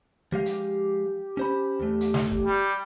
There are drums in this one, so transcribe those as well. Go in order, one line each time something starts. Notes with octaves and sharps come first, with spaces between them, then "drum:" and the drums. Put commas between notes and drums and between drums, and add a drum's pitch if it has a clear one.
F3 G#3 G4 F5
drum: hi-hat
C#4 C5 B5
E2 A3
drum: hi-hat
drum: snare
drum: kick
G3